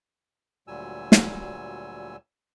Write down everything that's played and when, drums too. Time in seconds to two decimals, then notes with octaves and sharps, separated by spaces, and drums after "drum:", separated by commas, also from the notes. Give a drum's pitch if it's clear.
0.68 D2 A#2 F#3 G3 G#5 E6
1.12 drum: snare